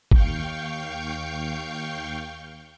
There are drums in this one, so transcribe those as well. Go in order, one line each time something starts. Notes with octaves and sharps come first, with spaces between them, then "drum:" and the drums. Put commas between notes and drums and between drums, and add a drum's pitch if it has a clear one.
D#2 F5 G5 C#6 G6, drum: kick G#1